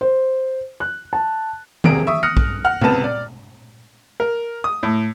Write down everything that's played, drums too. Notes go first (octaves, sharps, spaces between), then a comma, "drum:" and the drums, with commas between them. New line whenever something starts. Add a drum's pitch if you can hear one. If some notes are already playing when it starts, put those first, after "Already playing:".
C5
F#6
A5
E1 C2 C3 G#4 A#4 D7, drum: tom D#3
E5 C#6 D#6
D#6 F6 F#6 A#6 C#7
drum: kick A#1
F#5 F6
C#2 C3 B3 B4 A5, drum: tom A#2
D5
A#4
D#6
A2